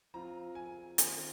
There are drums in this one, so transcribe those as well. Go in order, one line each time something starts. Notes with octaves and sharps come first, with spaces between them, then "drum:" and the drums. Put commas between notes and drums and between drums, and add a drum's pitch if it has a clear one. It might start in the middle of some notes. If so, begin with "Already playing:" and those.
F3 C4 F4 A#5
G#5
D#3 C4 F4 G#5, drum: hi-hat